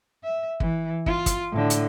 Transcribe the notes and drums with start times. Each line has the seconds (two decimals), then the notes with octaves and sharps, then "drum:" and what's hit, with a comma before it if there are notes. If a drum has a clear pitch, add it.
0.24 E5
0.60 E3, drum: kick
1.06 F4, drum: kick
1.26 drum: kick, hi-hat
1.52 A2 D3
1.70 drum: hi-hat